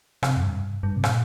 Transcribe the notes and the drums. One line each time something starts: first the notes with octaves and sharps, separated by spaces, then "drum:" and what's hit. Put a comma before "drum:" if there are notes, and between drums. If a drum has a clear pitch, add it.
C3, drum: rim click
F2
G2
G2
C3
A#2, drum: rim click